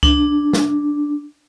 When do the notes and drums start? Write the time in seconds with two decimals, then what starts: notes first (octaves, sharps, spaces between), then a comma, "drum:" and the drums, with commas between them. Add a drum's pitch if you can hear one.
0.03 D4, drum: kick C#2
0.53 drum: snare